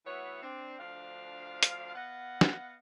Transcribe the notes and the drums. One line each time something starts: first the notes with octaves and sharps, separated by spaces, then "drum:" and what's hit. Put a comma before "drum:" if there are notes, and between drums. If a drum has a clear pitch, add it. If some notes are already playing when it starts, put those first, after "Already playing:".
E3 A3 B3 F#4 B4 C#5
C4 D4
D2 F3 D4 F5
drum: hi-hat
B3 D#5 F5 F#5
drum: snare